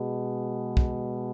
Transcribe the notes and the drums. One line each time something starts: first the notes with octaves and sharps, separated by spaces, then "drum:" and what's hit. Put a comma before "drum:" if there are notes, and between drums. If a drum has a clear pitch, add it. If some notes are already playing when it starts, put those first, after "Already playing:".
Already playing: B2 G#3
drum: kick